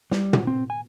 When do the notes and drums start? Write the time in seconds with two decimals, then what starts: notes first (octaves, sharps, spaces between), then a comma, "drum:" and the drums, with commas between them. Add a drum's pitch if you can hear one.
0.11 G3, drum: snare
0.33 drum: tom
0.47 C4
0.70 G#5